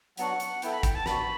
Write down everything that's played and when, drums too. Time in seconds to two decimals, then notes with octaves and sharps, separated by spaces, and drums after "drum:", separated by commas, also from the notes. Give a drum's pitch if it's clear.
0.17 F#3 B3 D4 F#4 F#5, drum: hi-hat
0.40 drum: hi-hat
0.62 B3 E4 A4 G5, drum: hi-hat
0.73 B5
0.83 G5, drum: kick, hi-hat
0.95 A5
1.06 B3 D4 F#4 B5, drum: snare